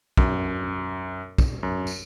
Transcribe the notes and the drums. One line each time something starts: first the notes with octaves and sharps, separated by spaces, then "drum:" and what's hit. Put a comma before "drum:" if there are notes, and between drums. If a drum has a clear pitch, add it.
F#2, drum: kick
drum: kick, tambourine
F#2
drum: tambourine